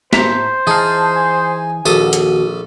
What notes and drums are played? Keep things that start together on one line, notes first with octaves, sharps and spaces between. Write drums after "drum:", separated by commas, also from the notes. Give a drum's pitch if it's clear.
A2 C5 E5 A#5, drum: snare
E3 D#4 G#4 F5 A5
G#5
A#1 D#2 F#4 A4 D#6, drum: tambourine
drum: hi-hat